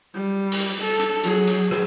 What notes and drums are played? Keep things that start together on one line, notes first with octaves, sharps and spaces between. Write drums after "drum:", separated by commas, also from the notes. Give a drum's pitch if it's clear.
G3
drum: open hi-hat
A4
drum: hi-hat
F#3 G#4, drum: hi-hat
drum: hi-hat
drum: rim click